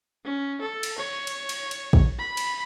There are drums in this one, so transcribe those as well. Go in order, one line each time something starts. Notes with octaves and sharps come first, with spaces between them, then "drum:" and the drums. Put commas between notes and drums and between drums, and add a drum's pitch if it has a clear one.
C#4
A4
drum: cymbal
C#5
drum: cymbal
drum: cymbal
drum: cymbal
drum: kick A1
B5
drum: cymbal